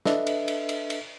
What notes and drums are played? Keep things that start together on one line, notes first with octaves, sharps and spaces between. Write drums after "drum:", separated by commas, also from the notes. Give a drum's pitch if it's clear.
D4 A4 B4 D#5 E5, drum: snare
drum: cymbal
drum: cymbal
drum: cymbal
drum: cymbal